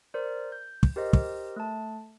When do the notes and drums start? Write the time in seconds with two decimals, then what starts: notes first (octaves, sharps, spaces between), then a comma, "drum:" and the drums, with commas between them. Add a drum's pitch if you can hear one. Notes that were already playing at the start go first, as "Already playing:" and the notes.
0.14 A#4 C5 D5
0.52 G6
0.83 drum: kick
0.96 G4 A#4 C5 D#5
1.13 drum: kick
1.56 A3 A5